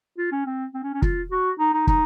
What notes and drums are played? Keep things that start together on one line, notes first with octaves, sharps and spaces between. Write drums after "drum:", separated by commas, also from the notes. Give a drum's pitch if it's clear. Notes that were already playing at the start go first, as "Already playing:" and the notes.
F4
C#4
C4
C4
C#4
C#4
F4, drum: kick
F#4
D#4
D#4
D#4, drum: kick